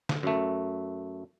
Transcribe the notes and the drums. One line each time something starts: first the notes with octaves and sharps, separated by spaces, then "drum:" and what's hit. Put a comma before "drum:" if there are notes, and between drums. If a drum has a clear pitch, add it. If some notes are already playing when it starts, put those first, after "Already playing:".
drum: snare D3
F#2 A3